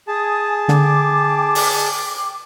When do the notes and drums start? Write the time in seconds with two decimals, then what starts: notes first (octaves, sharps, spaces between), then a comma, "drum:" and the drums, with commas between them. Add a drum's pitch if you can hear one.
0.08 G#4 G#5 A5 D#6
0.68 D3 G5 D6, drum: snare
1.55 drum: open hi-hat